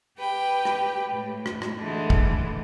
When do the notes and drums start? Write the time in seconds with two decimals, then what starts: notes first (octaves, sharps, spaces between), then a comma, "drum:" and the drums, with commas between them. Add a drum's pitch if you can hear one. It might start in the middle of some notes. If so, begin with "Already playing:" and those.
0.19 G4 B4 G5
0.65 drum: rim click
1.10 A2
1.46 drum: rim click
1.62 drum: rim click
1.78 D3 E3 G#3 A3
2.10 drum: kick